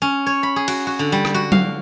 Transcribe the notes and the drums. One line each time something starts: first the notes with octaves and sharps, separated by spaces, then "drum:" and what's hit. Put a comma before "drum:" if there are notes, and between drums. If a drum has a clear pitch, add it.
C#4
C#5
B5
G#4
F#4, drum: cymbal
F#4
D3
G3
drum: rim click
F#4
F5, drum: tom F#3